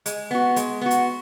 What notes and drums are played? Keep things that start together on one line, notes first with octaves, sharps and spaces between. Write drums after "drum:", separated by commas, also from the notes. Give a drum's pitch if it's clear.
G#3, drum: hi-hat
B3 F#4
G#3, drum: hi-hat
B3 F#4
drum: hi-hat